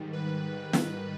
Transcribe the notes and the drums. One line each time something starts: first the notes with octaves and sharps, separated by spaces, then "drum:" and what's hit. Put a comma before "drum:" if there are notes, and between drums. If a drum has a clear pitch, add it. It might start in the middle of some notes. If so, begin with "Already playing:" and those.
Already playing: G#2 D#3 G3
B4
drum: snare